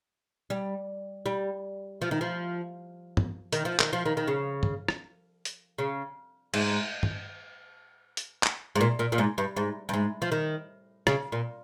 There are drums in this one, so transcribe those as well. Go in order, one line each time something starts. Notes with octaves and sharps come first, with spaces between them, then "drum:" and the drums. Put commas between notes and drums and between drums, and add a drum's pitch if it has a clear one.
G3
G3
F3
D#3
F3
drum: tom
D#3, drum: hi-hat
F3
D#3, drum: clap
F3
D#3
D#3
C#3
drum: tom G2
drum: rim click
drum: hi-hat
C#3
G#2, drum: cymbal
drum: tom G2
drum: hi-hat
drum: clap
G#2
A#2
A#2
A#2
G#2
G2
G#2
G2
G#2
F3
D#3
C#3, drum: rim click
A#2